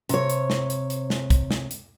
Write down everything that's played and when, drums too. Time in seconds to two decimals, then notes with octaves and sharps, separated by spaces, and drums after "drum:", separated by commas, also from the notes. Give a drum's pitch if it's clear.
0.09 C3 C#5, drum: hi-hat
0.30 drum: hi-hat
0.50 drum: snare
0.70 drum: hi-hat
0.90 drum: hi-hat
1.10 drum: snare
1.30 drum: kick B1, hi-hat
1.51 drum: snare
1.71 drum: hi-hat